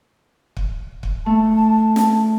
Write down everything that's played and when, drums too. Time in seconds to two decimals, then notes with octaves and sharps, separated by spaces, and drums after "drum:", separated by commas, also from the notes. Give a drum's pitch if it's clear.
0.57 drum: kick
1.03 drum: kick
1.26 A3 A5
1.96 drum: snare